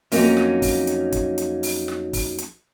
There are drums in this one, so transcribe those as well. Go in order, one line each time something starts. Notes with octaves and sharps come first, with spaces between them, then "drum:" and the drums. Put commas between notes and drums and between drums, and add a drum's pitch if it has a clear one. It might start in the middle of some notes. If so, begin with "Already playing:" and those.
F2 F#3 A#3 C#4 D#4, drum: open hi-hat
drum: snare
drum: kick, open hi-hat
drum: hi-hat
drum: kick, hi-hat
drum: hi-hat
drum: open hi-hat
drum: snare
drum: kick, open hi-hat
drum: hi-hat